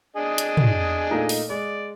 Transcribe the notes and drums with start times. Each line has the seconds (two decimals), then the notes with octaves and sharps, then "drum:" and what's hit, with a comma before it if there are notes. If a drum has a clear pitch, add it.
0.16 D4 G#4 D#5
0.38 drum: hi-hat
0.57 drum: tom
1.11 A#2 A3 D#4
1.29 drum: open hi-hat
1.50 G#3 D5